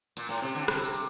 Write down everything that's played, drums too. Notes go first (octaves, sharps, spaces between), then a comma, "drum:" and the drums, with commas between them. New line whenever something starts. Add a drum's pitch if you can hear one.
A#2, drum: hi-hat
A2
C3
D3
C3, drum: rim click
drum: hi-hat